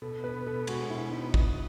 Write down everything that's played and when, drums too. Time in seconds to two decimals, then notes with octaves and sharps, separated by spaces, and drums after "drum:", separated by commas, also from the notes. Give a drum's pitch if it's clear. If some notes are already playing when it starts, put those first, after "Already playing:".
0.02 B2 A4
0.24 B3 B4
0.46 B2 A4
0.67 G#3 F#4, drum: cymbal
0.90 B2 E4
1.11 B3 D#4
1.34 D#5, drum: kick